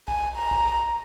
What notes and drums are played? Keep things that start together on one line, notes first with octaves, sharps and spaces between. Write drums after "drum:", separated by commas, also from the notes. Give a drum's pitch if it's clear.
G#5, drum: kick B1
A#5
drum: kick B1
drum: rim click